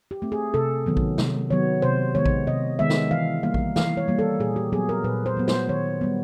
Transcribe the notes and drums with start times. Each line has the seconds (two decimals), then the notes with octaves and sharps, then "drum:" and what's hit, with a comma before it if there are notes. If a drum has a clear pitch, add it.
0.11 G4
0.22 A3 C4
0.32 G#4
0.54 C3 A4
0.86 D#3 F#3 B3
0.97 drum: kick A#1
1.18 C3, drum: snare
1.50 D#3 F#3 B3 C#5
1.82 C3 C5
2.15 D#3 G#3 B3 C#5
2.26 drum: kick A#1
2.47 C3 D#5
2.79 D#3 G#3 B3 E5
2.90 drum: snare
3.11 E3 F5
3.43 G3 A#3 F5
3.54 drum: kick A#1
3.76 E3 F5, drum: snare
3.97 C#5
4.08 G3 A#3
4.19 A4
4.40 A#2 G#4
4.56 G4
4.72 F#3 B3 G#4
4.89 A#4
5.04 A#2 B4
5.26 C5
5.37 F#3 B3
5.48 C5, drum: snare
5.69 D#3 C#5
6.01 G3 B3